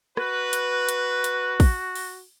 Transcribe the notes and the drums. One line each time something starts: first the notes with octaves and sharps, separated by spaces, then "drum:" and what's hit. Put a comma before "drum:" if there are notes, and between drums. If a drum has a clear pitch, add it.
F#4 B4, drum: rim click
drum: hi-hat
drum: hi-hat
drum: hi-hat
drum: kick, open hi-hat
drum: open hi-hat